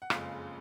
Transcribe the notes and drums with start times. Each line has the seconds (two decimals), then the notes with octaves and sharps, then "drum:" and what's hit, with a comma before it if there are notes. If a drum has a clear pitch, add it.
0.02 F#5
0.10 F#1 F2 C#3 F3 G#3 F5, drum: rim click